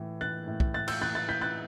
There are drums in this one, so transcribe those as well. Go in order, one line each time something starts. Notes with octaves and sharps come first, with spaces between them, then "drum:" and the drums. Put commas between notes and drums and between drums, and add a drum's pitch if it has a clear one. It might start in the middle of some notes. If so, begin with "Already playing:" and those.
Already playing: A2 E3
E3 F#6 A6
A2
drum: kick B1
A2 F#6 A6
E6 G6, drum: cymbal
E3 F#6 A6
F#6 A6
E3 G6 B6
F#6 A6